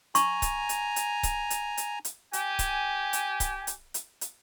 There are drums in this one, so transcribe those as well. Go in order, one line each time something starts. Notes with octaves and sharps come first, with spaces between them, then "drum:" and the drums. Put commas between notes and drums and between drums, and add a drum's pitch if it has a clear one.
G#5 A#5 C#6, drum: hi-hat
drum: kick C#1, hi-hat
drum: hi-hat
drum: hi-hat
drum: kick C#1, hi-hat
drum: hi-hat
drum: hi-hat
drum: hi-hat
G4 G#5, drum: hi-hat
drum: kick C#1, hi-hat
drum: hi-hat
drum: kick C#1, hi-hat
drum: hi-hat
drum: hi-hat
drum: hi-hat